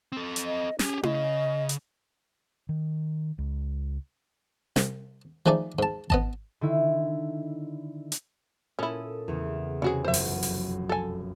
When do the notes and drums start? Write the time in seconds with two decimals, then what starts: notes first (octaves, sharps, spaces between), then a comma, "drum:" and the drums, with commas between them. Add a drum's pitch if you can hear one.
0.12 C4 A4
0.36 drum: hi-hat
0.45 D#5
0.79 C#4 G4 G#4, drum: snare
1.03 C#3 D#5, drum: tom E4
1.69 drum: hi-hat
2.69 D#3
3.38 C#2
4.76 C2, drum: snare
5.46 F3 A3 D#4 G#4 D5
5.79 G#2 A5
6.10 B3 D#5 A5, drum: kick G#1
6.61 D3 D#3 E4
8.12 drum: hi-hat
8.79 A#2 C#4 E4 A4 D#6
9.28 E2 C#3
9.82 C3 B3 C#4 F#4 G#4
10.04 F1 B1 F#2 C5 E5
10.14 drum: open hi-hat
10.43 drum: open hi-hat
10.89 A4 G#5